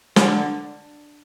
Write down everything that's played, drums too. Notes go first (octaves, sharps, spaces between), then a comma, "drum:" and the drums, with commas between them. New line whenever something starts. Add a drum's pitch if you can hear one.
D3, drum: snare